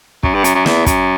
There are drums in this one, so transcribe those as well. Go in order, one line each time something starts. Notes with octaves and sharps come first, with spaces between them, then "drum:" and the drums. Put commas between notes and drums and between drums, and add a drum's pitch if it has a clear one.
F#2, drum: kick
G2
F#2, drum: hi-hat
F#2
E2, drum: snare
F#2, drum: kick, hi-hat